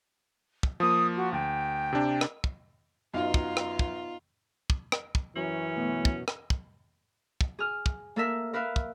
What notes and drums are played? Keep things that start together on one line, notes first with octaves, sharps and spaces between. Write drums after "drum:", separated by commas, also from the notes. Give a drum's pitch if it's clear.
drum: kick
F3 A#3 D#6
F#4
D2 G5
C3 D4
drum: rim click
drum: kick
F#2 B3 D#4 F4 F5
drum: kick
drum: rim click
drum: kick
drum: kick
drum: rim click
drum: kick
F#2 E3 C#4
B2 A3 B3
drum: kick
drum: rim click
drum: kick
drum: kick
G#4 F6
drum: kick
A#3 A4 A#4 E5
A#4 B4 E5 F5
drum: kick